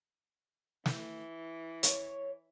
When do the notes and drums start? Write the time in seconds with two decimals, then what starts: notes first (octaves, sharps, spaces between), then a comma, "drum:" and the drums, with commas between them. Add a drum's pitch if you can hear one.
0.86 E3, drum: snare
1.83 C#5, drum: hi-hat